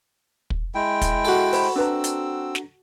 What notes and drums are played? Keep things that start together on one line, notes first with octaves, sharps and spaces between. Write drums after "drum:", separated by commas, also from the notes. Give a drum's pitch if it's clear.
drum: kick
G#3 E4 G5
drum: kick, hi-hat
F#4 A4
C5 C#5 B5, drum: open hi-hat
C4 D4 B4 A#5 E6
drum: hi-hat
drum: snare